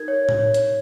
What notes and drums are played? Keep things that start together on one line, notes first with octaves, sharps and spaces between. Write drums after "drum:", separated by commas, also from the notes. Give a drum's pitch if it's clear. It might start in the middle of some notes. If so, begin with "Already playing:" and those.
Already playing: D#4 A#4 G#6
C#5
drum: tom A2
C#5
drum: hi-hat